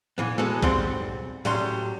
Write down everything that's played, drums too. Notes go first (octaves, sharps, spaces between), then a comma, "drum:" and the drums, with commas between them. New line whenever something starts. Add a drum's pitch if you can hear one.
A#2 E3 B3
G#3 B3 F#4 A4, drum: tom G#3
B1 G#2 G3 C4 F#5 C6, drum: kick B1
A2 F#3 G3 C#4 C6, drum: open hi-hat